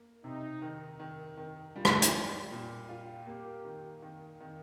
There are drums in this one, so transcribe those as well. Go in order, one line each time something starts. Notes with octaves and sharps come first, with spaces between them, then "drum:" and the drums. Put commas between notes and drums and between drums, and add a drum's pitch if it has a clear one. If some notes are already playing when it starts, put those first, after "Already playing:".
Already playing: A#3
C3 D#4
D#3
D#3
D#3
G3 F4
drum: rim click
drum: hi-hat
G3
A#2
F4
A#3 G4
D#3
D#3
D#3